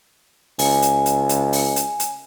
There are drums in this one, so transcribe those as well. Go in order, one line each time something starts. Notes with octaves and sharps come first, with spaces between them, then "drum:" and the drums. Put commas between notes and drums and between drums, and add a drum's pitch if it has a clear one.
C#2 G#5, drum: open hi-hat
drum: hi-hat
drum: hi-hat
drum: hi-hat
drum: open hi-hat
drum: hi-hat
drum: hi-hat